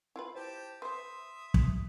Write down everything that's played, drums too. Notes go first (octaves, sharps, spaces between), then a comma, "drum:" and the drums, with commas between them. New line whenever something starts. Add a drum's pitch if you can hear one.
E4 F4 B4
G4 C5 A5
B4 C5 E5 C6 D#6
drum: kick